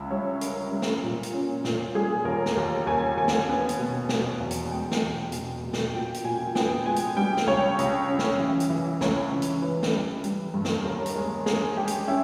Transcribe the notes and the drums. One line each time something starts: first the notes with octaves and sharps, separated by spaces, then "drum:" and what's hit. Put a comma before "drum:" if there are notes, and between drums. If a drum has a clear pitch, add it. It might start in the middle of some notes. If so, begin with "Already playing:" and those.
Already playing: C#2 E5
G3 C#5
C#4 A#4, drum: hi-hat
G3
drum: snare
A#2
drum: hi-hat
C#4
A#2, drum: snare
G3 G#4
D#2 A#4
drum: snare
D#2
D#2 G#5
D#2 G#5
drum: snare
B3
drum: hi-hat
B2
B2, drum: snare
E2
drum: hi-hat
G#3 G5
drum: snare
B2
B2, drum: hi-hat
B2
drum: snare
A#2 G5
drum: hi-hat
A#2 G#5
B3 G5, drum: snare
G#3 G#5
drum: hi-hat
G3 G5
drum: snare
C#2 C#5
C#2, drum: hi-hat
C#3
drum: snare
E3
drum: hi-hat
E3
C#2 C#5, drum: snare
C#2
drum: hi-hat
E3 B4
drum: snare
G3
G3, drum: hi-hat
G2
drum: snare
D#2 A#4
drum: hi-hat
G#3
G#3 G#4, drum: snare
G#3 G4
drum: hi-hat
C#4 E4